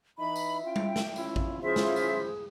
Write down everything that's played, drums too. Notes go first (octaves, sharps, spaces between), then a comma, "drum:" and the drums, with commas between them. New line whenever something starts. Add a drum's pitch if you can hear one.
E3 D#4 E5 B5
drum: tambourine
C#4 E4 F4 G5
drum: tom G3
drum: snare
C#4 E4 F4, drum: tambourine
drum: kick A1
C#4 E4 F4 G#4 C5 E5
drum: snare
drum: tambourine